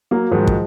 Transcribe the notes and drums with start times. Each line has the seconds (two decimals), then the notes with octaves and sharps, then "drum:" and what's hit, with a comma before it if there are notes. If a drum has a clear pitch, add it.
0.11 F#3 A#3
0.31 G#2 D#3 F3 F#3 G#3 A#3
0.47 drum: kick